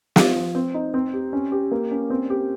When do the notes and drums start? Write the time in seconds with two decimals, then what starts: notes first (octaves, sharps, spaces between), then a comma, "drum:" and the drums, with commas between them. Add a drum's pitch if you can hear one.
0.16 F4, drum: snare
0.36 F3
0.55 C4
0.74 D#4
0.94 C4
1.13 G4
1.33 C#4
1.52 G4
1.72 A#3
1.91 C#4
2.10 C4
2.30 G4